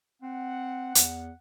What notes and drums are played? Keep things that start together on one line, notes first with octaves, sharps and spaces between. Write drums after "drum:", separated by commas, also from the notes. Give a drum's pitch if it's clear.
C4 F#5
E2, drum: hi-hat